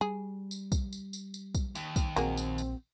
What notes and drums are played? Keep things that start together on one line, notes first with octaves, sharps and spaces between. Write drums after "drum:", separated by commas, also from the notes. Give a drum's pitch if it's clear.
G3 G#4
drum: tambourine
drum: kick, tambourine
drum: tambourine
drum: tambourine
drum: tambourine
drum: kick, tambourine
D#2, drum: tambourine
drum: kick, tambourine
A#1 F#3 A#3 C4 G#4, drum: tambourine
drum: tambourine
drum: tambourine